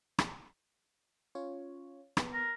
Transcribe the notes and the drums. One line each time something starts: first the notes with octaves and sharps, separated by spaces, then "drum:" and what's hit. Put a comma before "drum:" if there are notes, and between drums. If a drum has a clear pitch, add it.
drum: rim click
C#4 F4 C#5
B3, drum: rim click
A#4